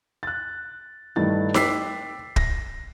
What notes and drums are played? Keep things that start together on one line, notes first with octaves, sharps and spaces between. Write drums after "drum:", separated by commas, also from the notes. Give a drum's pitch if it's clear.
F#6 A6
G2 D#3 A3 E4 A6
G5 D6 E6 B6 C7, drum: snare D#4
A#6, drum: kick